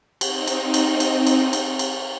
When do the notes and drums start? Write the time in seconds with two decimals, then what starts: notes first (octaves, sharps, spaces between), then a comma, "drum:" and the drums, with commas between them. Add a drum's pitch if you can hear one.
0.21 C4 D#4, drum: cymbal
0.47 drum: cymbal
0.74 drum: cymbal
1.00 drum: cymbal
1.27 drum: cymbal
1.53 drum: cymbal
1.79 drum: cymbal